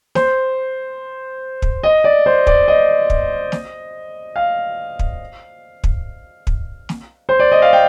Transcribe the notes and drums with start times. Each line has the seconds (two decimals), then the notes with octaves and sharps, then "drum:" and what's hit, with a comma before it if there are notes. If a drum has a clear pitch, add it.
0.15 C5, drum: snare
1.62 drum: kick
1.83 D#5
2.04 D5
2.26 C5
2.47 D5, drum: kick
2.68 D#5
3.10 drum: kick
3.52 drum: snare
4.36 F5
4.99 drum: kick
5.84 drum: kick
6.47 drum: kick
6.89 drum: snare
7.29 C5
7.39 D5
7.52 D#5
7.62 F5
7.73 G5